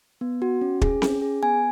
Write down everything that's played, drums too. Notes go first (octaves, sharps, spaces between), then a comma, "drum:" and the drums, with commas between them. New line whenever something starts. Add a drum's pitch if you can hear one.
B3
F#4
C#4
G#4, drum: kick
C#4, drum: snare C4
G#4
B3 G#5